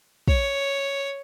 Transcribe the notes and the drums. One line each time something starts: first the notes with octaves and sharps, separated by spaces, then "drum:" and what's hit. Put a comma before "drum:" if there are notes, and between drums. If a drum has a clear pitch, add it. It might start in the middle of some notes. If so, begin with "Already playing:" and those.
C#5, drum: kick